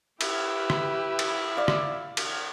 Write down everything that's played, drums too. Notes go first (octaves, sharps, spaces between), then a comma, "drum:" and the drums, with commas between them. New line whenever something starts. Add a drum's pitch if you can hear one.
E4 G4 B4, drum: cymbal
drum: rim click
drum: cymbal
D5 F5
drum: rim click
drum: cymbal